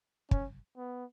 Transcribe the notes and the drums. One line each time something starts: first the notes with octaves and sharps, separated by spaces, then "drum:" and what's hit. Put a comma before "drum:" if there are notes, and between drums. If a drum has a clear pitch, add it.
C#4, drum: kick
B3